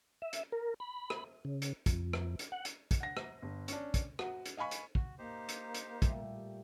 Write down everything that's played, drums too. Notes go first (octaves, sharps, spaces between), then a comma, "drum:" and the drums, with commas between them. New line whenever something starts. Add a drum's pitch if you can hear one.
E5
drum: hi-hat
A#4
B5
drum: rim click
C#3
drum: hi-hat
F2, drum: kick, hi-hat
drum: rim click
drum: hi-hat
F#5
drum: hi-hat
drum: kick, hi-hat
F#5 A#6
drum: rim click
G1
C#4 D4, drum: hi-hat
drum: kick, hi-hat
F#4, drum: rim click
drum: hi-hat
D#5 F5 G#5 B5 C#6
drum: hi-hat
F#4, drum: kick
A#3 D#4 G4 C5
drum: hi-hat
drum: hi-hat
A#2 G3 A3, drum: kick, hi-hat
G4